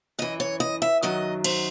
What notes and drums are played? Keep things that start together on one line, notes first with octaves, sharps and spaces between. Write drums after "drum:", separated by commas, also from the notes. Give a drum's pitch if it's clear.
F#2 E3 D#5
C#5
D#5
E5
F#2 D#3 F#3 D#5
C5, drum: cymbal